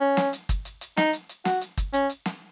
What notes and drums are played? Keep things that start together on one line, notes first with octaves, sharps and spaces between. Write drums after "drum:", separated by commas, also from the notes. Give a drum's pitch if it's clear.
C#4
drum: snare
drum: hi-hat
drum: kick, hi-hat
drum: hi-hat
drum: hi-hat
D#4, drum: snare
drum: hi-hat
drum: hi-hat
F#4, drum: snare
drum: hi-hat
drum: kick, hi-hat
C#4, drum: hi-hat
drum: hi-hat
drum: snare